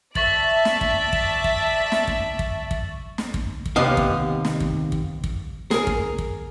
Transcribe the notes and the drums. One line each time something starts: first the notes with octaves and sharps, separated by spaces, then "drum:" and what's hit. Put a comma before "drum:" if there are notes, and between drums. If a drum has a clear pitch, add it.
D5 E5 A5 C#6 A6 F#7, drum: kick
drum: snare
drum: kick
drum: kick
drum: kick
drum: snare
drum: kick
drum: kick
drum: kick
drum: snare
drum: kick
drum: kick
D#2 C3 B3 D#5 F5
drum: kick
drum: snare
drum: kick
drum: kick
drum: kick
G#4 A#4, drum: snare
drum: kick
drum: kick